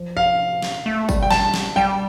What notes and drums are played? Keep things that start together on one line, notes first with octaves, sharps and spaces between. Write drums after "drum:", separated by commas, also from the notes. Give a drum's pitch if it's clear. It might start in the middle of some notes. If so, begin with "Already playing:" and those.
Already playing: F3
F5
drum: snare
A3
G3, drum: kick, tambourine
G5
A5, drum: snare
drum: snare
G3 G5